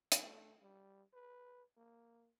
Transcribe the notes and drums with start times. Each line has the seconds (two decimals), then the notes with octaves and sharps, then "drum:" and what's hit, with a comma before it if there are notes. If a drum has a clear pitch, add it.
0.12 drum: hi-hat
0.24 A3
0.62 G3
1.13 B4
1.77 A#3